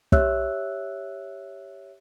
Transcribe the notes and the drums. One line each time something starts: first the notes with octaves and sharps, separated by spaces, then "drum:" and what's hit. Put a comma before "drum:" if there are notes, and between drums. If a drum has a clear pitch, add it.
G4 C#5 E5 E6 F#6, drum: kick